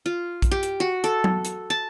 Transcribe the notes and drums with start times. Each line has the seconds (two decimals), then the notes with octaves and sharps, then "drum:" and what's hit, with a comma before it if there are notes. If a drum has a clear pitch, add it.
0.06 F4
0.42 drum: kick A#1, hi-hat
0.51 G4
0.63 drum: hi-hat
0.80 F#4
1.04 A4, drum: hi-hat
1.24 drum: tom F#3
1.45 drum: hi-hat
1.70 A5